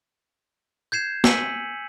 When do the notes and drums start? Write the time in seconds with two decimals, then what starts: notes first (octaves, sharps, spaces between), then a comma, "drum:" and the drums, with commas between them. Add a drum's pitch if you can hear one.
0.92 G6 G#6 C7 E7
1.24 G#5 E6 B6 C#7 D#7 F#7, drum: snare